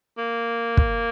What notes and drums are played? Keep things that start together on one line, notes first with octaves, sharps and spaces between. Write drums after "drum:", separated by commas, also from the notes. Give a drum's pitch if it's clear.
A#3
drum: kick